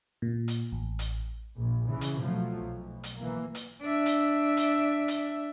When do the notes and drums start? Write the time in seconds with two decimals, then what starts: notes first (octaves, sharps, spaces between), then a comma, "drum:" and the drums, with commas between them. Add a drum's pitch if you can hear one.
0.22 A#2
0.48 drum: hi-hat
0.72 A1
0.99 drum: hi-hat
1.55 A#1
1.88 C#3 E3
2.01 drum: hi-hat
2.20 B2 F3 F#3 A3
2.59 B1
3.03 drum: hi-hat
3.17 E3 A#3
3.55 drum: hi-hat
3.81 D4 E5
4.06 drum: hi-hat
4.57 drum: hi-hat
5.08 drum: hi-hat